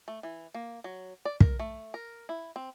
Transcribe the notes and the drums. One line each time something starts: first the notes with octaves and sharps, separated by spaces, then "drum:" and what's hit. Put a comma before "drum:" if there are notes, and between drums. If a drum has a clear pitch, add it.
A3
E3
A#3
F#3
D5
A#4, drum: kick
A3
A#4
E4
C4